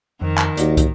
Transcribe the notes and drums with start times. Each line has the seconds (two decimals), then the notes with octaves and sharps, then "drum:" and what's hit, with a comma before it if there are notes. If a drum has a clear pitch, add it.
0.22 F2 D#3
0.37 drum: clap
0.57 D#2 D#4 F#4 D5, drum: hi-hat
0.77 drum: kick, hi-hat